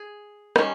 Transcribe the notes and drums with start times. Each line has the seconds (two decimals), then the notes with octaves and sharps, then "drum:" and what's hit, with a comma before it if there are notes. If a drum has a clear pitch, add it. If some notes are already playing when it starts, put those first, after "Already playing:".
Already playing: G#4
0.56 D#3 G3 C#4, drum: rim click